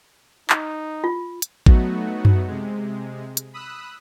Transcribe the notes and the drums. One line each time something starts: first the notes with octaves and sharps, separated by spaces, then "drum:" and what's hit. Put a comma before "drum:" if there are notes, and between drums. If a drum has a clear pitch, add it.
D#4, drum: clap
F4
drum: hi-hat
F#3 A3 B3 D#4 F#4, drum: kick A1
drum: tom F#2
C3 G#3
drum: hi-hat
B5 D#6 E6 F#6